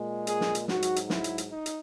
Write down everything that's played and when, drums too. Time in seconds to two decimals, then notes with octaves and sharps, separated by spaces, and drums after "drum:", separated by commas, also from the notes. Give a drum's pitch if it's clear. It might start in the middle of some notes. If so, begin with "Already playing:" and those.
Already playing: A#2 G#3
0.27 G#4, drum: hi-hat
0.41 drum: snare
0.55 drum: hi-hat
0.68 G#2 F#3 F#4, drum: snare
0.82 drum: hi-hat
0.96 drum: hi-hat
1.10 E4, drum: snare
1.24 drum: hi-hat
1.38 drum: hi-hat
1.51 D#4
1.66 drum: hi-hat